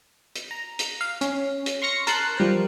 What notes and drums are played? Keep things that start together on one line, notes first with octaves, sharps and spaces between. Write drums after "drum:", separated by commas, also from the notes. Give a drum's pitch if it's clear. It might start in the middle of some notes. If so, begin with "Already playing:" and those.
drum: hi-hat
A#5
drum: hi-hat
F5
C#4, drum: hi-hat
drum: hi-hat
C6 C#6 F6 A#6 C#7
A#4 A5 C6 F#6, drum: hi-hat
F3 G3 A#4 C5